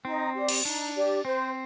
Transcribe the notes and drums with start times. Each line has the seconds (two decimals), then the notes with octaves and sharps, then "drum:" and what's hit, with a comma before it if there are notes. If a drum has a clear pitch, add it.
0.05 C4 D#4
0.35 G4 D5
0.49 drum: cymbal
0.65 D4 D#4
0.96 G4 D5
1.25 C4 C5